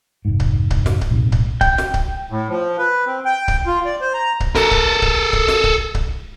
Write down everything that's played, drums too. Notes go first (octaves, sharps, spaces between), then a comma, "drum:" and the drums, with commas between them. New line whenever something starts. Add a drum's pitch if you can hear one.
F1 G#2
drum: kick C#1
drum: kick C#1
drum: snare
drum: kick C#1
D#1 A#1 G#2 C3
drum: kick C#1
G5, drum: kick C#1
drum: snare
drum: kick C#1
A2
F3
B4
C4
G5
drum: kick C#1
F4
D5
C5
A#5
drum: kick C#1
A4 A#4, drum: snare
drum: kick C#1
drum: kick C#1
drum: kick C#1
drum: snare
drum: kick C#1
drum: kick C#1